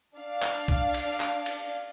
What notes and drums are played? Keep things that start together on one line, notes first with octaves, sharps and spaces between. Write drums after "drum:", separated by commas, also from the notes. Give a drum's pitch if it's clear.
D4 F5
drum: clap
drum: kick A#1
drum: cymbal
drum: clap
drum: cymbal